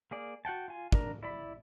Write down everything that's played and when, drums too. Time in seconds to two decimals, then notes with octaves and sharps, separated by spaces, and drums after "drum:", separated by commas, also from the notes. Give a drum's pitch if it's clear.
0.11 A#3 G#4 D5
0.45 F#4 F#5 G5 A5
0.68 F4 G#5
0.92 D4 A#4, drum: kick
1.23 E4 D5 B5